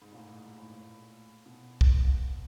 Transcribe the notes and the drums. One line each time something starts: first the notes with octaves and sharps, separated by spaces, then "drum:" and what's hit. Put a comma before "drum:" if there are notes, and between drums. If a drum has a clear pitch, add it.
G#2
A#2
A2
G#2
G#2
A2
A#2
A2
B2
drum: kick
A#2